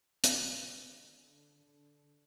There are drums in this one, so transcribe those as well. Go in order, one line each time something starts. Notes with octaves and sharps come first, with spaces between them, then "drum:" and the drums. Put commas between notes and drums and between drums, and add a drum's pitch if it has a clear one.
B2, drum: hi-hat
D3
D3
D3